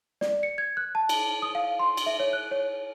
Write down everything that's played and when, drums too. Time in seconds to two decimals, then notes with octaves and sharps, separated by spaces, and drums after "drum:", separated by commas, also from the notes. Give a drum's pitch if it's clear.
0.21 D5, drum: snare
0.43 C#7
0.58 G#6
0.77 F#6
0.95 A5
1.09 drum: cymbal
1.42 D#6
1.55 F5
1.79 C6
1.97 drum: cymbal
2.06 E5
2.20 C#5
2.33 F#6
2.51 C#5